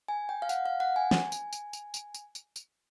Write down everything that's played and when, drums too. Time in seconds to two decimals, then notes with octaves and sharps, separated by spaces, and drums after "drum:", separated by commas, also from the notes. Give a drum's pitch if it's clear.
0.08 G#5
0.29 G5
0.42 F5
0.49 F#5, drum: tambourine
0.66 F5
0.80 F#5
0.96 G#5
1.11 drum: snare
1.32 drum: tambourine
1.53 drum: tambourine
1.73 drum: tambourine
1.94 drum: tambourine
2.14 drum: tambourine
2.35 drum: tambourine
2.56 drum: tambourine